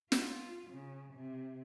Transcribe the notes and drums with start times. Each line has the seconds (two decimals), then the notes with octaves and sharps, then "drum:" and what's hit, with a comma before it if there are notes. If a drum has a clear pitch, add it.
0.12 F4, drum: snare
0.71 C#3
1.14 C3